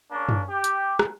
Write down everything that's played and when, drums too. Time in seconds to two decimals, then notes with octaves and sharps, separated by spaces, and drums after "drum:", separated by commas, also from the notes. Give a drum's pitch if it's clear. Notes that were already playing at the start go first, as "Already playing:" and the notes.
0.11 C#3 A#3 C#4 D4
0.29 drum: tom F#2
0.49 G4
0.64 drum: hi-hat
0.99 drum: rim click